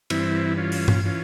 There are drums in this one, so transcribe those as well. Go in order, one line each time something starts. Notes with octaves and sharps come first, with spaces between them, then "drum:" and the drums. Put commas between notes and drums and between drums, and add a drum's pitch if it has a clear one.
G2 E3 C4 E4, drum: cymbal
C#4 F4
drum: open hi-hat
drum: tom G2
E3 C#4 F4